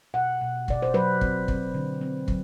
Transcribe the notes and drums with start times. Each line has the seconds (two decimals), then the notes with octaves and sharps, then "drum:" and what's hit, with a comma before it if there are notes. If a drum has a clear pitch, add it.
0.14 B2 F#5
0.41 B2
0.68 B2 D5, drum: kick
0.82 C5
0.94 F#3 B4
1.21 C4, drum: kick
1.48 C4, drum: kick
1.74 D3
2.01 C4
2.28 F#3, drum: kick